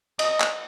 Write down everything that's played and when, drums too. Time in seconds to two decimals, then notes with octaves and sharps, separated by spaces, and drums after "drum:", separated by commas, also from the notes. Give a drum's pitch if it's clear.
0.19 D#5, drum: cymbal
0.40 drum: clap